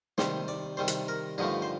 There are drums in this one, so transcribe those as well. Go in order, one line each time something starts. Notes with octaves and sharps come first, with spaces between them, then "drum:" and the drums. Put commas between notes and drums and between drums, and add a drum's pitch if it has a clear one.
C3 D#3 G3 C5, drum: snare
D5
C3 D#3 G3 C5
drum: hi-hat
A#4
G2 D3 F3 A3 D#4
C5